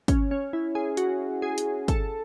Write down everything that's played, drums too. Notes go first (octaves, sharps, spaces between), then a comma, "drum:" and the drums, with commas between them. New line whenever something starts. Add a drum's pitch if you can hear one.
C#4, drum: kick, hi-hat
C#4
E4
G#4
F#4, drum: hi-hat
G#4
drum: hi-hat
A4, drum: kick, hi-hat